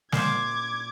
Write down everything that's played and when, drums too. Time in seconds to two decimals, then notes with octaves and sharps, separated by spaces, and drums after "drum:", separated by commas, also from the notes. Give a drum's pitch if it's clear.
0.12 A#2 C5 D6 G#6, drum: snare